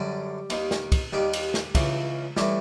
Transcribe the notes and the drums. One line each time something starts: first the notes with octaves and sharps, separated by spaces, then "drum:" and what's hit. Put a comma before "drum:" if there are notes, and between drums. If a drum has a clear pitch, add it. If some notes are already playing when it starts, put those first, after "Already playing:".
Already playing: F#2 D3 G3 G4
D#2 D#3, drum: cymbal
drum: snare
drum: kick, cymbal
D#2 D#3 G3 G4
drum: cymbal
drum: snare
C#2 C#3 E3, drum: kick, cymbal
A2 E3 G3 G4, drum: snare